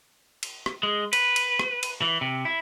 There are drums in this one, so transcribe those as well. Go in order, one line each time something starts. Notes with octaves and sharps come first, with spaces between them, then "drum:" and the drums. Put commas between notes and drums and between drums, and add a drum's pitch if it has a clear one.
drum: cymbal
drum: rim click
G#3
B4, drum: cymbal
drum: cymbal
drum: rim click
drum: cymbal
E3
C3
E4